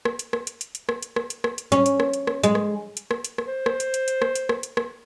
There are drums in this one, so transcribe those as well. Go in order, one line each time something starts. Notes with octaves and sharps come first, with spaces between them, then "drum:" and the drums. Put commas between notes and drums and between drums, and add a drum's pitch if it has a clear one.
drum: rim click
drum: hi-hat
drum: rim click
drum: hi-hat
drum: hi-hat
drum: hi-hat
drum: rim click
drum: hi-hat
drum: rim click
drum: hi-hat
drum: rim click
drum: hi-hat
C#4, drum: hi-hat
drum: hi-hat
drum: rim click
drum: hi-hat
drum: rim click
G#3, drum: hi-hat
drum: rim click
drum: hi-hat
drum: rim click
drum: hi-hat
drum: rim click
C5
drum: rim click
drum: hi-hat
drum: hi-hat
drum: hi-hat
drum: rim click
drum: hi-hat
drum: rim click
drum: hi-hat
drum: rim click